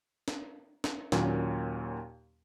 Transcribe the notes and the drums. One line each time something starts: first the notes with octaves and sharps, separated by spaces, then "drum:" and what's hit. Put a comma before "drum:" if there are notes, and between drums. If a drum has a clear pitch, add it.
drum: snare
drum: snare
D#2 A#2 F#3 C#4, drum: snare